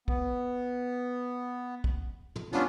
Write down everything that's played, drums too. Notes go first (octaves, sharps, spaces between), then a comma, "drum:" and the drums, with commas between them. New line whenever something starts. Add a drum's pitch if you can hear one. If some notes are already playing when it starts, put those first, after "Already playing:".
B3, drum: kick
drum: kick
drum: tom
G3 B3 C#4 D4 F4, drum: snare